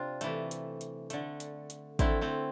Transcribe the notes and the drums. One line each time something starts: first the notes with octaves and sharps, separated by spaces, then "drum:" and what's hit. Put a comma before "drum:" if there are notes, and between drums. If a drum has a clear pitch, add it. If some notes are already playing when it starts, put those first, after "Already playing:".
Already playing: C3 C4 D4 F4
C3 E3 A3, drum: hi-hat
drum: hi-hat
drum: hi-hat
D3 A3, drum: hi-hat
drum: hi-hat
drum: hi-hat
D3 A3 C4 E4, drum: kick, hi-hat
A3 C4